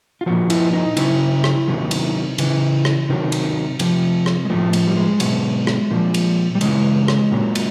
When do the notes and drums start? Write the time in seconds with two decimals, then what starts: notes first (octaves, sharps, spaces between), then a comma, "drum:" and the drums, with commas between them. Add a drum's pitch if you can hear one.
0.21 F4
0.26 A#2 F3 F#4
0.50 E4, drum: cymbal
0.73 D#4
0.97 C#3 F#3 E4, drum: cymbal
1.44 drum: rim click
1.68 C3 D#3 F#3
1.91 drum: cymbal
2.38 C#3 E3, drum: cymbal
2.85 drum: rim click
3.09 C3 D#3 F#3
3.32 drum: cymbal
3.79 C3 F3, drum: cymbal
4.26 drum: rim click
4.45 G#3
4.50 A2 F3 A3
4.73 drum: cymbal
4.87 G3
4.97 G#3
5.20 B2 F#3, drum: cymbal
5.67 drum: rim click
5.91 A#2 F3
6.14 drum: cymbal
6.55 G3
6.61 C#3 E3 G#3, drum: cymbal
7.08 drum: rim click
7.32 A#2 F#3
7.55 drum: cymbal